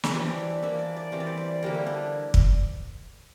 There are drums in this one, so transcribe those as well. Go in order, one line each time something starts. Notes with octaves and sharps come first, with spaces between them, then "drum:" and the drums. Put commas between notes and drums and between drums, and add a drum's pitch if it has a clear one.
drum: snare
E3 G3 D4 C5
D5
E5
E5
E3 A#3 D4 E5
D5
D5
E3 G3 C4 C5
D5
C5
D5
D3 G3 A#3 A#4
E4
D4
drum: kick